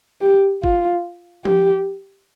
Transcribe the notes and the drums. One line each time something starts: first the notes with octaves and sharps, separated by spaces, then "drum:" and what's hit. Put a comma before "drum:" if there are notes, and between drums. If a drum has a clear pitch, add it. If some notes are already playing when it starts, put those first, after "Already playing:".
G4
F4, drum: kick
G4, drum: tom F3